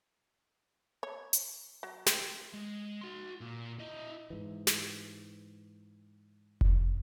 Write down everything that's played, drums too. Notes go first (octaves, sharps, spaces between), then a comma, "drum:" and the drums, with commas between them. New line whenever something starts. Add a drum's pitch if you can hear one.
C#5
drum: hi-hat
F#3
C4, drum: snare
G#3
F#4 C6
A#2
E4 D#5
G#2 E3
drum: snare
drum: kick F1